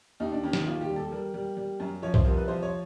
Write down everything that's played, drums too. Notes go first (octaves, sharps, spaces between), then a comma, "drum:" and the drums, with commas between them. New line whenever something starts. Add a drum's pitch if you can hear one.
D#2 D#4
D4
D#3 C#4
drum: snare
D#2 F4
G4
G3
A4
G3 A#4
G3
G3
F#2
F3 C#5
C5, drum: kick
C2 A#4
B4
F3 C5
C#5